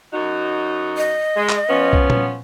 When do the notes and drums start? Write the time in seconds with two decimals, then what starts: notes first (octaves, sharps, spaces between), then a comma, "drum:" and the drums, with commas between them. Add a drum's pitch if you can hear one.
0.13 F#2 D#4 F#4
0.97 D#5
1.36 G#3
1.49 drum: clap
1.69 F3 B3 C#4
1.93 drum: kick B1
2.10 drum: tom A#2